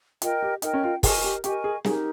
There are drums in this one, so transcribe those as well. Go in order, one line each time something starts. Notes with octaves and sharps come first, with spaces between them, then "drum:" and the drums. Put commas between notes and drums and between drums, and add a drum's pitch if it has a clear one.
F4 A#4 D#5 G5, drum: hi-hat
G4
D#4 A#4 D#5 G5, drum: hi-hat
C#4
F4
G#4 A#4 D#5 G#5 C#6, drum: kick, open hi-hat
G4
G4 A#4 D#5 G#5 C#6, drum: hi-hat
G#4
D#4 G4 G#4 A#4, drum: snare